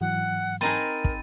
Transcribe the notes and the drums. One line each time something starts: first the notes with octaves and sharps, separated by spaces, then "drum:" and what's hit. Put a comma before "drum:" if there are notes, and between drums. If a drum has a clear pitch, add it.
G#2 E3 F#3 F#5
C4 D#4 G#4 A#4 B5 A6 D#7
drum: kick